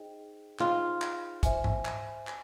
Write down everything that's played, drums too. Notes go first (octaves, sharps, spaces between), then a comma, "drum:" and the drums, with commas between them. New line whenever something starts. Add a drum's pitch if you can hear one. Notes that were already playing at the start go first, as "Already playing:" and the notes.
Already playing: D#4 G#4 C5 D#5 G5
D#4 F4 G#4 C5 D#5 G5, drum: clap
drum: clap
C5 E5 G#5, drum: kick, hi-hat
drum: tom G#2
drum: clap
G#5, drum: clap